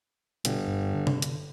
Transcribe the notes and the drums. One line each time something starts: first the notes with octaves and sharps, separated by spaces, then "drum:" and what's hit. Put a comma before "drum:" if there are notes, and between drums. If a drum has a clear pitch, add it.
G1 B2, drum: hi-hat
G2
D3
drum: tom C3
drum: hi-hat